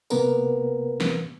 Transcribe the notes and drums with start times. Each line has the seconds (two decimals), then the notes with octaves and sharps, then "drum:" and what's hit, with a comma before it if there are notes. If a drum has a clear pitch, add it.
0.10 C3 A#3 B3 A#4 B4, drum: tambourine
1.00 drum: snare